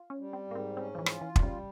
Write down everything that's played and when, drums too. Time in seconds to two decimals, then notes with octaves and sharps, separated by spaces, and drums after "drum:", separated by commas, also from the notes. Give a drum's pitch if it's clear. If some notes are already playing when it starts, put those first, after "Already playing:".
Already playing: F4
0.10 C#4
0.18 G3
0.33 C4
0.47 G#2 A#3
0.55 C4
0.77 C4 C#4
0.95 F3
0.98 E3
1.06 F4, drum: rim click
1.21 E3
1.36 G3, drum: kick
1.43 C#3